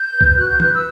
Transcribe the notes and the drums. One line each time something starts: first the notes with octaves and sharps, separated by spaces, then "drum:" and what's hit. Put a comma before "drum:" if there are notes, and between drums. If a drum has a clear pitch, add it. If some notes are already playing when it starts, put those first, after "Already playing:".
Already playing: G6
B4
drum: kick C2
F#4 F#6
G6
B4 F#6, drum: tom
E6